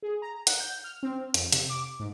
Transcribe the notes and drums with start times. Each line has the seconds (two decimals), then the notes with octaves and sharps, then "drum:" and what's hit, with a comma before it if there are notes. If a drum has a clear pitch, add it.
0.03 G#4
0.22 A#5
0.47 F#5, drum: hi-hat
0.60 G6
0.84 F6
1.03 C4
1.34 F2, drum: hi-hat
1.52 C3, drum: hi-hat
1.70 D6
2.00 G#2